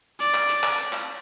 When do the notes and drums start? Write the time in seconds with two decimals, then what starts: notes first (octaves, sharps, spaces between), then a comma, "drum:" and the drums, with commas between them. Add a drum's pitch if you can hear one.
0.20 D5, drum: hi-hat
0.34 drum: clap
0.49 drum: hi-hat
0.63 drum: clap
0.78 drum: hi-hat
0.93 drum: clap